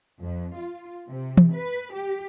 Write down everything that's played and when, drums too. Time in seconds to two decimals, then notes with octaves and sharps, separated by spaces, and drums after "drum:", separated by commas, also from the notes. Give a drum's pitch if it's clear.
0.21 F2
0.58 F4
1.09 C3
1.37 drum: tom E3
1.54 B4
1.94 G4